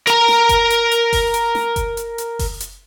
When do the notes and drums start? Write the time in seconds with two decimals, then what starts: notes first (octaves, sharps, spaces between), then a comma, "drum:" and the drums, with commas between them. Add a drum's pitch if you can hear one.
0.07 A#4 A#5, drum: hi-hat
0.28 drum: snare
0.49 drum: kick F#1, hi-hat
0.70 drum: hi-hat
0.92 drum: hi-hat
1.13 drum: kick F#1, open hi-hat
1.34 drum: hi-hat
1.55 drum: snare
1.76 drum: kick F#1, hi-hat
1.97 drum: hi-hat
2.18 drum: hi-hat
2.39 drum: kick F#1, open hi-hat
2.60 drum: hi-hat